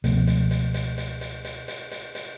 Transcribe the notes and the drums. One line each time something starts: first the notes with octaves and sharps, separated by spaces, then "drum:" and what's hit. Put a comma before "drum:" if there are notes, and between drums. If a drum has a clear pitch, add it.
C#2 B2 F3 A3, drum: hi-hat
drum: hi-hat
drum: hi-hat
drum: hi-hat
drum: hi-hat
drum: hi-hat
drum: hi-hat
drum: hi-hat
drum: hi-hat
drum: hi-hat